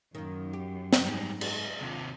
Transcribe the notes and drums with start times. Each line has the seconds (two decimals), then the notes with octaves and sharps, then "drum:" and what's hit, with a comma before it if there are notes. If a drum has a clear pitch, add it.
0.15 F#2 D#3 A#3
0.53 G4
0.93 drum: snare
1.04 G#2 F3 G3
1.41 D5 D#5, drum: cymbal
1.81 D#2 C3 D4 F4